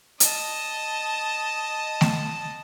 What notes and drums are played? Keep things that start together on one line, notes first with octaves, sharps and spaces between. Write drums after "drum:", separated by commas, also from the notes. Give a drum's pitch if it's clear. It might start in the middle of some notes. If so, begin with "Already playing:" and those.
D#5 A5, drum: hi-hat
drum: snare A3